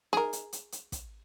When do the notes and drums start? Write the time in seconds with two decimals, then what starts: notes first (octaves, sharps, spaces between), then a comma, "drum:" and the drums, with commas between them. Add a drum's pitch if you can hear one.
0.13 G#4 A#4, drum: snare
0.33 drum: hi-hat
0.53 drum: hi-hat
0.72 drum: hi-hat
0.92 drum: kick, hi-hat